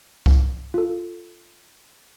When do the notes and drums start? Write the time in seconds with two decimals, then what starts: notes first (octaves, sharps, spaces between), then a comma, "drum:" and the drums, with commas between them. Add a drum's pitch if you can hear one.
0.26 drum: kick C2
0.74 F4 A4